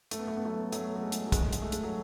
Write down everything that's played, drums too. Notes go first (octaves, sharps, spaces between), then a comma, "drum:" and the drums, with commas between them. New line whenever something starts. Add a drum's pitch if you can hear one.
A3, drum: hi-hat
B3
A3
B3
F#3 A3
F#3 A3, drum: hi-hat
A3
G#3
drum: hi-hat
F#3
G#3, drum: kick, hi-hat
drum: hi-hat
A3
G#3, drum: hi-hat
F#3